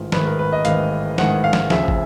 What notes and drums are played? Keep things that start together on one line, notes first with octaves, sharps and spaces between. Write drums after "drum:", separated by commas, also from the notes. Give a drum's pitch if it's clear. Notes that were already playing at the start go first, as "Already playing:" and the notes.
Already playing: A1 G#2 D#3 F4
A1 G#2 D#3 B4, drum: snare
A#4
B4
D#5
A1 G#2 D#3 F5, drum: hi-hat
A1 G#2 D#3 F#5, drum: snare
F5
drum: snare
D2 C#3 F3 E5, drum: snare
drum: kick